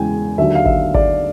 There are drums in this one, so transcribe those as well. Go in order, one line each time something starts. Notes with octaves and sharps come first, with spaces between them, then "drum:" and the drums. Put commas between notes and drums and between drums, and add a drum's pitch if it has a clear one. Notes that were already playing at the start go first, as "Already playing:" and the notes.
Already playing: E2 C#3 E3 G#3 G5 G#5
D#2 D3 F#3 E5
F5
E5, drum: kick G#1
D5, drum: kick G#1